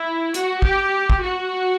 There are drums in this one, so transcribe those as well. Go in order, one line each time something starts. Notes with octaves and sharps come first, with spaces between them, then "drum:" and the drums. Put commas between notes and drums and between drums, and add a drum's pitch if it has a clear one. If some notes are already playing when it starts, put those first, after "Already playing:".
Already playing: E4
F#4, drum: hi-hat
G4, drum: kick
drum: kick
F#4